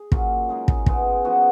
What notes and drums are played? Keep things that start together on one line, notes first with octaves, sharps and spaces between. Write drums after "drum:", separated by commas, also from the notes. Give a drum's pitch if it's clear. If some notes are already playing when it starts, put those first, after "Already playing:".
Already playing: G#4
A#2 F#3 C#4 F4, drum: kick
C#3 G#3 D#4 G#4
drum: kick
C#3 G#3 B3, drum: kick
C#3 F3 B3 F#4